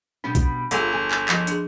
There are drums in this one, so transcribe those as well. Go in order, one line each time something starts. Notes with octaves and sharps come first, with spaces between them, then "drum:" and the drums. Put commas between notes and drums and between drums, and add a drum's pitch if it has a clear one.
B2 G3 B3 C#4 D4
drum: kick, hi-hat
G1 G3 B3 F4 G#4, drum: hi-hat
E2 G#4
drum: clap
F3 D#5, drum: clap
D4 G#4, drum: hi-hat